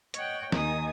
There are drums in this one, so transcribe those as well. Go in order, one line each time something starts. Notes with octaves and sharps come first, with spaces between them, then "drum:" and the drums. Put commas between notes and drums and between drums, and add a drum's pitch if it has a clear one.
C#5 D#5 F#5 G5, drum: hi-hat
D#2 D#3 D#4 G#5 D#6, drum: snare